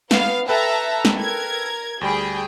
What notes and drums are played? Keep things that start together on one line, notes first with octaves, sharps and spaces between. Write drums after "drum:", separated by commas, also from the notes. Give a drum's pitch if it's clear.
B3 F5, drum: snare
A4 B4 E5 G5 A5 A#5
drum: snare
A#4 G#6
D2 G3 G#4 G5 B5